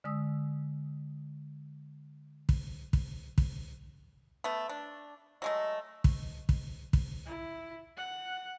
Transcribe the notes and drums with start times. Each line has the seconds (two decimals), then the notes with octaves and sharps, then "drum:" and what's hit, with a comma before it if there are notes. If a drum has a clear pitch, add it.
0.04 D3 G#3 D#6 E6
2.49 drum: kick
2.93 drum: kick
3.38 drum: kick
4.44 A3 B3
4.69 D4
5.42 F#3 G#3 A3 D#5
6.04 drum: kick
6.49 drum: kick
6.93 drum: kick
7.26 E4
7.97 F#5